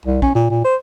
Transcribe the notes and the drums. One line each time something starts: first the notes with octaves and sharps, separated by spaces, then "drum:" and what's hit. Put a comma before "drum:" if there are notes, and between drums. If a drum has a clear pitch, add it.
C2
C#4, drum: kick A#1
A#2
A#2
C5